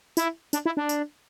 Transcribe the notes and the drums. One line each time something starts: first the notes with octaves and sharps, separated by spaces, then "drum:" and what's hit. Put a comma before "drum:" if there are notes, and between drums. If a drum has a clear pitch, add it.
E4, drum: tambourine
D4, drum: tambourine
E4
D4
drum: tambourine